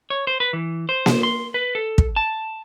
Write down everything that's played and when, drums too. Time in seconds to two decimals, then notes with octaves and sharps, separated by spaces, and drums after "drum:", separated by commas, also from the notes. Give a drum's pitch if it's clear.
0.10 C#5
0.27 C5
0.40 B4
0.53 E3
0.89 C5
1.06 drum: snare A#3
1.23 C6
1.54 B4
1.75 A4
1.98 drum: kick
2.16 A5